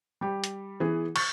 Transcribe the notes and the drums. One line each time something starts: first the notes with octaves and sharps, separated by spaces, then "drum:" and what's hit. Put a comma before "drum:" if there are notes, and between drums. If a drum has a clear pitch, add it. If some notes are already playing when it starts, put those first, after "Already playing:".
G3 G4
drum: hi-hat
E3 B3 G#4
C#6 A6, drum: cymbal